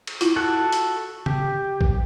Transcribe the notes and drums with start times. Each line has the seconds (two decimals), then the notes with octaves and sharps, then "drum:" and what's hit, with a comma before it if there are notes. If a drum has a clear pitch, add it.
0.07 drum: cymbal
0.21 E4 F4, drum: hi-hat
0.36 F#4 A4 F#5
0.72 drum: hi-hat
1.26 G4, drum: tom C#3
1.81 drum: kick A#1